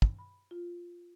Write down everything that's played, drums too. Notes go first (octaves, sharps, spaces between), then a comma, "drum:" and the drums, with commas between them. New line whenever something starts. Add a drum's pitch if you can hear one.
drum: kick
B5
F4